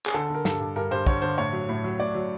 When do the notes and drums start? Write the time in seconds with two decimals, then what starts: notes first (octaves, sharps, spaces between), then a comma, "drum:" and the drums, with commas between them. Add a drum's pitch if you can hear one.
0.06 G#4, drum: clap
0.14 D3 A4
0.30 D3 A#4
0.45 G2 A4, drum: snare
0.60 G2
0.76 G2 A#4
0.91 G2 C5
1.06 D3 C#5, drum: kick
1.22 D3 C5
1.38 A2 C#5
1.52 F#3
1.69 A2
1.84 F#3
1.99 A2 D5
2.14 F#3